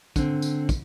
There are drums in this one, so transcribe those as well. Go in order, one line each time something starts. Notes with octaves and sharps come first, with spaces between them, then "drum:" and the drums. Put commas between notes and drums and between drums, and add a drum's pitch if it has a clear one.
D3 C4, drum: kick, tambourine
drum: tambourine
drum: kick, tambourine